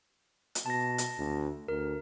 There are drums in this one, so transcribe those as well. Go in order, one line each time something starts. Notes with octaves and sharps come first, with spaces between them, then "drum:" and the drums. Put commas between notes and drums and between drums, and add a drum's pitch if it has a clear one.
drum: hi-hat
B2 A5 A#6
drum: hi-hat
D2
D2 A#4